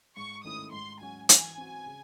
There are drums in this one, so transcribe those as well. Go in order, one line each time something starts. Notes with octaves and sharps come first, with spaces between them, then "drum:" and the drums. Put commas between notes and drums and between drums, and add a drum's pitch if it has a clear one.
G#2 C#6
D#3 A3 C#4 E4 D#6
G#2 C6
F#3 C#4 F#4 G#5
E3 G#5, drum: hi-hat
C4 F#4
C#3